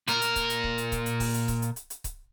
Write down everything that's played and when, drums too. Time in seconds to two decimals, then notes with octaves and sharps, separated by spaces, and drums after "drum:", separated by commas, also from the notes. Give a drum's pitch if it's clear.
0.08 A#2 A#4, drum: hi-hat
0.22 drum: hi-hat
0.36 drum: kick C#1, hi-hat
0.50 drum: hi-hat
0.64 drum: kick C#1
0.78 drum: hi-hat
0.92 drum: kick C#1, hi-hat
1.06 drum: hi-hat
1.20 drum: kick C#1, open hi-hat
1.34 drum: hi-hat
1.48 drum: kick C#1, hi-hat
1.62 drum: hi-hat
1.76 drum: hi-hat
1.90 drum: hi-hat
2.04 drum: kick C#1, hi-hat